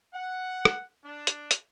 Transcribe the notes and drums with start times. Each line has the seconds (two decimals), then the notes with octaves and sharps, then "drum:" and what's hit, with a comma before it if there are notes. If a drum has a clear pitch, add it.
0.13 F#5
0.65 drum: rim click
1.03 D4
1.27 drum: hi-hat
1.51 drum: hi-hat